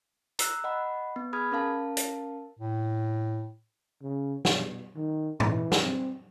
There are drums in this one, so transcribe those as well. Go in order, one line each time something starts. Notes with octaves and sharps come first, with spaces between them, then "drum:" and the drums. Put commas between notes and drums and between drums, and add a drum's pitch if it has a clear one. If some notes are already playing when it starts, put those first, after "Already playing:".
A#5 E6 F#6, drum: hi-hat
D#5 F#5 B5
B3
G#4 B5 D#6 F6 G#6
C#4 A#4 F5 A5
drum: hi-hat
A2
C#3
B2, drum: snare
D#3
E3, drum: tom G#2
drum: snare
C4